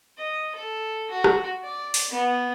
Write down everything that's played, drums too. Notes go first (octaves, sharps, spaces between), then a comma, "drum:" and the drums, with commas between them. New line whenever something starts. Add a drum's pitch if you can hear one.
D#5
A4
F#4
drum: rim click
D5
drum: open hi-hat
B3